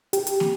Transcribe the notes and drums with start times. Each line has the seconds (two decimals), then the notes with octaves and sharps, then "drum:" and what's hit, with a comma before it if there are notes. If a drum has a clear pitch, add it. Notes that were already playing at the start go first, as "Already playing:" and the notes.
0.13 G4, drum: hi-hat
0.27 drum: hi-hat
0.40 drum: snare